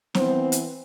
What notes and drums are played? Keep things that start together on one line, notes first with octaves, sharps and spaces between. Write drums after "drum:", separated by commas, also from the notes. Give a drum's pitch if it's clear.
E3 B3 C4 C5, drum: snare C4
drum: hi-hat